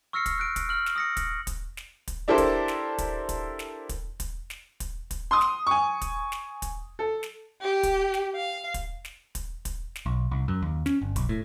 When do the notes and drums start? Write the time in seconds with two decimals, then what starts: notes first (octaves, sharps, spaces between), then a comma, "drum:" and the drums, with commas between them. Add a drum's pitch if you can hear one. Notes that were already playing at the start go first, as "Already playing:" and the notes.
0.13 C#6 E6 F6 A#6 C7 C#7
0.26 drum: kick, hi-hat
0.38 F6 F#6 D7
0.56 drum: kick, hi-hat
0.69 F6 F#7
0.86 drum: snare
0.96 D#6 A#6 C#7
1.17 drum: kick, hi-hat
1.47 drum: kick, hi-hat
1.77 drum: snare
2.08 drum: kick, hi-hat
2.28 D4 E4 G4 A4 A#4 C5
2.38 drum: kick, hi-hat
2.68 drum: snare
2.98 drum: kick, hi-hat
3.29 drum: kick, hi-hat
3.59 drum: snare
3.89 drum: kick, hi-hat
4.20 drum: kick, hi-hat
4.50 drum: snare
4.80 drum: kick, hi-hat
5.11 drum: kick, hi-hat
5.31 C6 D#6
5.41 drum: snare
5.67 G#5 C#6
6.02 drum: kick, hi-hat
6.32 drum: snare
6.62 drum: kick, hi-hat
6.99 A4
7.23 drum: snare
7.61 G4
7.83 drum: kick, hi-hat
8.14 drum: snare
8.35 F5
8.74 drum: kick, hi-hat
9.05 drum: snare
9.35 drum: kick, hi-hat
9.65 drum: kick, hi-hat
9.95 drum: snare
10.06 B1
10.31 C2
10.48 F#2
10.62 D#2
10.86 C#4, drum: snare
11.02 G1
11.16 B1, drum: kick, hi-hat
11.29 A2